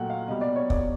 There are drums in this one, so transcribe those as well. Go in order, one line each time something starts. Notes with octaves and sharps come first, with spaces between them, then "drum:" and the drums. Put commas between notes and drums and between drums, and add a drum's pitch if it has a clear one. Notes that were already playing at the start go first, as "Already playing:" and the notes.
Already playing: A#2 F#3 A3 F#5 G5
F5
B2 G3 D#5
D5
C#5
D5, drum: kick